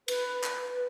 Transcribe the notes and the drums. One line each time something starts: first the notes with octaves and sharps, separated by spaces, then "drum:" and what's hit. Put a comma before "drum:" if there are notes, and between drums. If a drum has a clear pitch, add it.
B4, drum: cymbal
drum: clap